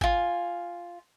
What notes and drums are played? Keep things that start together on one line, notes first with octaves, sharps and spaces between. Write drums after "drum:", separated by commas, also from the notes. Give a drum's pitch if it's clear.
F4 G#5, drum: kick